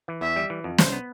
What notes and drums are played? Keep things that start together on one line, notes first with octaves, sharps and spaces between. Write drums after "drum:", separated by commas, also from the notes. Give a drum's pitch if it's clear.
E3
E2 E5
G3
E3
F2
C2 C5, drum: snare
B3